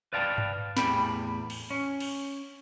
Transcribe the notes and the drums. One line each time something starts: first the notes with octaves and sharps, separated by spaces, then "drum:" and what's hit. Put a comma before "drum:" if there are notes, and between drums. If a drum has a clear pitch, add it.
B4 D5 F5 G5 A5
drum: tom G2
E2 A2 G4 G5 B5, drum: snare
drum: cymbal
C#4
drum: cymbal